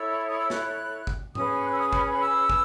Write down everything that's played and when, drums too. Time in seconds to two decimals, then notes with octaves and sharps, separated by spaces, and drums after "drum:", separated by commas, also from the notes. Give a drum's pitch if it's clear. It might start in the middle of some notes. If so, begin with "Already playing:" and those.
Already playing: E4 A4 C#5 E6
0.27 D#6
0.38 E6
0.50 F#6, drum: snare
1.07 drum: kick
1.35 C#4 G#4 B4 D#6, drum: tom G#2
1.64 F#6
1.72 E6
1.78 D#6
1.93 drum: kick
2.21 E6
2.50 drum: kick